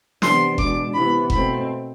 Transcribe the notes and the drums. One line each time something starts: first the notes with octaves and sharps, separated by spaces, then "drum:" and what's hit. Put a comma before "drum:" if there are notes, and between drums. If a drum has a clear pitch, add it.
C3 E3 B3 D4 C6, drum: snare
B2 G#3 D4 D6, drum: kick F1
C3 E3 B3 B5
B2 A3 C4 B5, drum: kick F1